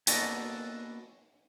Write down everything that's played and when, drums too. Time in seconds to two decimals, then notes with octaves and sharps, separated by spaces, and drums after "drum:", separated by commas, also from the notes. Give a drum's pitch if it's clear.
0.07 A#3 B3 F#4 A4 D5 D#5, drum: hi-hat